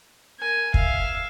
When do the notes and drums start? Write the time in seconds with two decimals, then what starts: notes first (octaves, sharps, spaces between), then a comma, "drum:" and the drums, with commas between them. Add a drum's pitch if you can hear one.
0.39 A#4 G#5
0.74 E5 F5, drum: kick